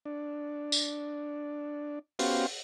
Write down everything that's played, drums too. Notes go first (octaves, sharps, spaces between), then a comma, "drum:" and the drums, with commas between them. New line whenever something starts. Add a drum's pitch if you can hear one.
D4
drum: tambourine
B3 C#4 F#4 G4 C5 F5, drum: open hi-hat